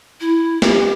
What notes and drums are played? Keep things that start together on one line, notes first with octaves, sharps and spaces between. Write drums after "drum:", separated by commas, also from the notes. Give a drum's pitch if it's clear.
E4
G4, drum: snare